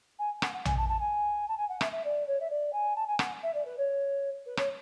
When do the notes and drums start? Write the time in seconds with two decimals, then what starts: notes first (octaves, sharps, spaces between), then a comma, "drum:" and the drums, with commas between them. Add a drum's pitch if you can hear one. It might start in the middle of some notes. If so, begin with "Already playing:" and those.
0.19 G#5
0.42 F#5, drum: rim click
0.53 F#5
0.65 G#5, drum: tom A#1
0.77 A5
0.88 A5
1.00 G#5
1.48 A5
1.57 G#5
1.69 F#5
1.81 E5, drum: rim click
1.92 E5
2.04 D5
2.27 C#5
2.40 E5
2.50 D5
2.73 G#5
2.96 A5
3.07 G#5
3.19 F#5, drum: rim click
3.43 E5
3.54 D5
3.65 B4
3.77 C#5
4.46 B4
4.57 C#5, drum: rim click